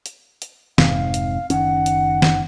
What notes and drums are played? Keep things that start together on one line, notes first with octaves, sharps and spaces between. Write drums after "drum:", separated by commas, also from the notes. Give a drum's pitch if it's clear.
drum: hi-hat
drum: hi-hat
F1 G#2 C3 F5, drum: snare
drum: hi-hat
F#1 D#3 C#4 F#5, drum: hi-hat
drum: hi-hat
drum: snare